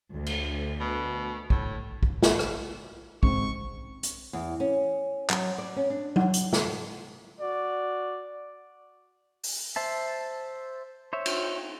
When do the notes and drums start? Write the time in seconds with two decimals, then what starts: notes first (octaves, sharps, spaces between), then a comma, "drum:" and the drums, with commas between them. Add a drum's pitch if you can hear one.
0.11 D2
0.26 drum: cymbal
0.80 B2
1.50 A2, drum: kick B1
2.03 drum: kick B1
2.22 drum: snare
2.39 drum: rim click
3.23 G#2 C4 C#6, drum: kick B1
4.03 drum: hi-hat
4.33 E2
4.60 C#4
5.29 F#3, drum: clap
5.58 D5
5.76 C#4
5.90 D4
6.16 drum: tom F#3
6.34 drum: hi-hat
6.53 drum: snare
7.39 F#4 D5
9.44 drum: open hi-hat
9.76 C5 E5 A5
11.13 C5 C#5 E5
11.26 drum: cymbal